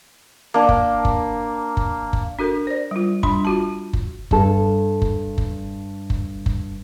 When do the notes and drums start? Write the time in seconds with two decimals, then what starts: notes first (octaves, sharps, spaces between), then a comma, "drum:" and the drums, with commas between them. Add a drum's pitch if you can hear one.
0.54 A#3 D4
0.69 drum: kick F#1
1.05 drum: kick F#1
1.77 drum: kick F#1
2.13 drum: kick F#1
2.39 D4 F#4 A4 A#4
2.67 C5 D5
2.91 G3 F4
3.23 G3 D4 B5 C6, drum: kick F#1
3.45 F4 F#4 A5
3.93 drum: kick F#1
4.31 G2 A4, drum: kick F#1
5.02 drum: kick F#1
5.38 drum: kick F#1
6.10 drum: kick F#1
6.46 drum: kick F#1